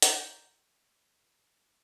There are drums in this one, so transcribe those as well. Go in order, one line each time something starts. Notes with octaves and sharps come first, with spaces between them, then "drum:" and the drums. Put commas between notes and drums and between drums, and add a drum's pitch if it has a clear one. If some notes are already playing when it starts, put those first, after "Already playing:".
A#5 G6, drum: hi-hat